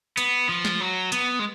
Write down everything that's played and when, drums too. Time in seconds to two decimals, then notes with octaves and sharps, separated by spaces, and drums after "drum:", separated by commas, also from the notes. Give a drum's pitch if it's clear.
0.17 B3, drum: hi-hat
0.49 F3
0.65 drum: snare
0.80 F#3
1.12 B3, drum: hi-hat
1.39 G#3